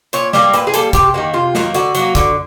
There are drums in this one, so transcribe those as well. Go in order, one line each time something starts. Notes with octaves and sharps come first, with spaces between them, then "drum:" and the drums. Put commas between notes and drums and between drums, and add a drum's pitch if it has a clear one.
A#2 C#5, drum: hi-hat
G3 A#3, drum: snare
A#2 B4, drum: hi-hat
G#4
G3 A#3 A4, drum: hi-hat
C3 G4, drum: kick, hi-hat
D#3 F#3 A#3 F#4
C3 F4
D#3 F#3 A#3, drum: snare
D3 F#4, drum: hi-hat
F#3 A#3, drum: hi-hat
D3, drum: kick, hi-hat